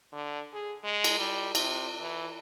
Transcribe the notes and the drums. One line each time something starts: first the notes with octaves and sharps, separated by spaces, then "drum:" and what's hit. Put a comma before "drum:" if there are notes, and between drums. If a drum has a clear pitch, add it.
D3
G#4
G#3
drum: cymbal
G3
C3, drum: cymbal
E3